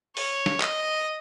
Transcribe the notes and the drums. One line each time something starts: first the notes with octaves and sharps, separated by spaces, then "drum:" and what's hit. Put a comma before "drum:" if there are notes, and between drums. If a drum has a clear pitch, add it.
C#5, drum: open hi-hat
drum: snare
D#5, drum: clap